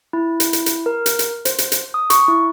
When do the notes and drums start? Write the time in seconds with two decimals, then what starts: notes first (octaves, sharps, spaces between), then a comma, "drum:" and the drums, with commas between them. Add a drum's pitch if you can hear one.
0.13 E4
0.40 drum: hi-hat
0.53 drum: hi-hat
0.66 drum: hi-hat
0.86 A#4
1.06 drum: hi-hat
1.19 drum: hi-hat
1.45 C5, drum: hi-hat
1.58 drum: hi-hat
1.72 drum: hi-hat
1.94 D#6
2.10 C#6, drum: hi-hat
2.28 E4